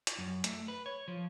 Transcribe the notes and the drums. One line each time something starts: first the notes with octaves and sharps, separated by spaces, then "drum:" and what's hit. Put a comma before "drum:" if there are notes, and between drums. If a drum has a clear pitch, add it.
drum: hi-hat
F#2
A3, drum: hi-hat
B4
C#5
F3